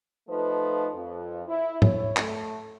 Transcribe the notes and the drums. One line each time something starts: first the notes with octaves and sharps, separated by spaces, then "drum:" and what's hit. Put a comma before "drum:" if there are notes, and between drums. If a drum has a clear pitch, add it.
F3 A3 D#4 F4 B4
F2
E4
E4 C#5, drum: tom G#2
A3, drum: clap